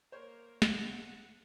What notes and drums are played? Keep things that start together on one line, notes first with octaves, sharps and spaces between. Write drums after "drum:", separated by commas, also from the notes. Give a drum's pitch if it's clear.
A#3 A#4 C5 C#5
F#5, drum: snare